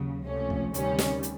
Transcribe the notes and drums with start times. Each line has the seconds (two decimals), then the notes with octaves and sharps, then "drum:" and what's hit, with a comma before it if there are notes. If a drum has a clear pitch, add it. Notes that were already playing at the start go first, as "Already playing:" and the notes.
Already playing: D#2 C#3 F#3
0.26 C#2 C3 F3 A3 C#4
0.50 drum: kick
0.74 D2 C3 D#3 G3 C#4, drum: hi-hat
0.99 drum: snare
1.23 drum: hi-hat